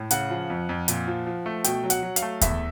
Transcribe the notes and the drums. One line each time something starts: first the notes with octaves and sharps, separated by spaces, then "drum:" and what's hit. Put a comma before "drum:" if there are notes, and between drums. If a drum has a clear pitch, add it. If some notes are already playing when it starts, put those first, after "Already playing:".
Already playing: A2
C#3 F#5, drum: hi-hat
F3
F2
F2
A#2, drum: hi-hat
F3
F3
A3
B2 G5, drum: hi-hat
F#3
F#5, drum: hi-hat
F#3
F5, drum: hi-hat
A3
E2 E5, drum: kick D#2, hi-hat